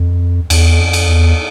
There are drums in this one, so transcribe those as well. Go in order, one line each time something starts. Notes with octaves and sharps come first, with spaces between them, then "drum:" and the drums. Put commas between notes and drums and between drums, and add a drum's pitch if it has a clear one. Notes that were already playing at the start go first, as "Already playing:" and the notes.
Already playing: F2
E2, drum: cymbal
F2
drum: cymbal
E2